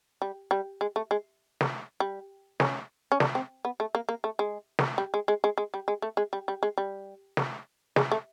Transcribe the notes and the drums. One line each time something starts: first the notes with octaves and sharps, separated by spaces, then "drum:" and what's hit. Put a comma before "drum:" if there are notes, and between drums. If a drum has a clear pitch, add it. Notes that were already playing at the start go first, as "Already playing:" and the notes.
G3
G3
G#3
A3
G#3
drum: snare
G3
C#4, drum: snare
C#4
D4, drum: snare
C4
B3
A3
A#3
A#3
A3
G#3
drum: snare
G3
G#3
G#3
G#3
G#3
G3
G#3
A3
G#3
G3
G3
G#3
G3
drum: snare
G#3, drum: snare
A3